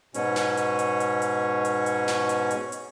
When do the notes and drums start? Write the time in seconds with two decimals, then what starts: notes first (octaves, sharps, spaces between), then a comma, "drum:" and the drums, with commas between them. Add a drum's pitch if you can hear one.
0.14 G#2 B2 C#4, drum: hi-hat
0.36 drum: snare
0.57 drum: hi-hat
0.79 drum: hi-hat
1.00 drum: hi-hat
1.22 drum: hi-hat
1.65 drum: hi-hat
1.86 drum: hi-hat
2.08 drum: snare
2.29 drum: hi-hat
2.51 drum: hi-hat
2.72 drum: hi-hat